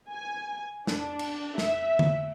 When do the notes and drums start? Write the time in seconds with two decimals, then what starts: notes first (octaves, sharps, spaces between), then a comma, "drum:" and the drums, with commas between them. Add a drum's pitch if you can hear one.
0.12 G#5
0.87 D4, drum: snare
1.19 drum: cymbal
1.58 E5, drum: snare
1.99 drum: tom D3